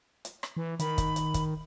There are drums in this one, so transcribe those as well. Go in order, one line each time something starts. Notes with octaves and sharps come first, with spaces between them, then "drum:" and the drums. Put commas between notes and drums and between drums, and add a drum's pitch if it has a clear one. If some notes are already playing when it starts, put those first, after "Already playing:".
drum: hi-hat
drum: rim click
E3
D#3 B5, drum: hi-hat
drum: kick, hi-hat
drum: hi-hat
drum: kick, hi-hat